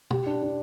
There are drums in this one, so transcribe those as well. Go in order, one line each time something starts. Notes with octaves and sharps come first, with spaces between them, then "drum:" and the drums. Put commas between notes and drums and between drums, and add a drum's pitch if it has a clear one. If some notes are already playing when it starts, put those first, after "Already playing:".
G4, drum: tom
D4
D4